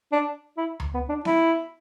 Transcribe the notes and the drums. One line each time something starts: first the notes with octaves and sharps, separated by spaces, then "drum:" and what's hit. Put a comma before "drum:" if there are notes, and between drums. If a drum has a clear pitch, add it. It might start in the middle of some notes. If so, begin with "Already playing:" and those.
D4
E4
drum: tom D2
B3
D4
E4, drum: snare B3